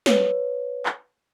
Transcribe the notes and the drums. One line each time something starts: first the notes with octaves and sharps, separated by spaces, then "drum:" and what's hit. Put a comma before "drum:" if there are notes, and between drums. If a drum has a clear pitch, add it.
B4 C#5, drum: snare
drum: clap